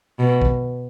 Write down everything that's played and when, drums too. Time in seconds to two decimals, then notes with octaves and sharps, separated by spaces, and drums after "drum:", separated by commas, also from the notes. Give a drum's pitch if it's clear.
0.20 B2
0.42 drum: kick